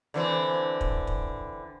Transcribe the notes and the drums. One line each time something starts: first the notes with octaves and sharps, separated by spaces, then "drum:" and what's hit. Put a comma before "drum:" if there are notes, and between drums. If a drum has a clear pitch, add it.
D3 E3 C4
drum: kick
drum: kick